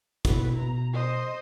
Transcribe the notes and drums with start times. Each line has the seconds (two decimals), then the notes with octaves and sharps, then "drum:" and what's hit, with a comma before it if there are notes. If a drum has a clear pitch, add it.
0.25 B2 B3 E4 B4, drum: kick, hi-hat
0.56 B2 A#5
0.93 C5 D#5